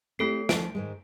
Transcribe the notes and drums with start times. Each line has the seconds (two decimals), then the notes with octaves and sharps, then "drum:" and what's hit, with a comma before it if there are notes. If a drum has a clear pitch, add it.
0.19 A3 C4 E4 G4 A4 C7
0.49 F3 C#4 D7, drum: snare
0.75 G#2 D#3 G#3